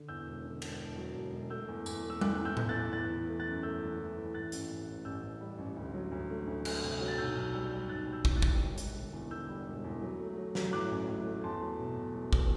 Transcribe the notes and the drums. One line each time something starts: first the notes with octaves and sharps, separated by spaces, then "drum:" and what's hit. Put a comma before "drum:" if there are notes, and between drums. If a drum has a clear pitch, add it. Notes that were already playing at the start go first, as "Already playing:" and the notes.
Already playing: D3
E2 E6 G6
E1
D3
E1, drum: cymbal
E2
F#3
E1
E1
A3 E6 G6
E2
E2, drum: tambourine
A3
E6
E2 D6 F#6, drum: tom G3
E2 F#6
E6 G6
E2, drum: tom A2
F#6 A6
E2
E3 F#6 A6
E3
A3
F#6 A6
F#2
A3 E6 G6
E3
E3
E3
A2 F#6 A6
A1, drum: hi-hat
A1
A2
A1 E6 G6
A1
G3
A1
D2
F#3
D2
A3
D2
A3, drum: cymbal
C3
F#3
A6
B1 E6 G6
B1
G3 E6 G6
G3
B1 F#6 A6
G3
E6 G6
A2, drum: kick
F#6 A6
G3, drum: kick
E1
E1, drum: hi-hat
D3
E2
D3 E6 G6
G3
E1
E2
F#3
A3
F#3
F#3, drum: snare
A2 D6 F#6
A1
A2
A3
E2 A5 C6
F#3
B2
B2
F#3
F#3, drum: kick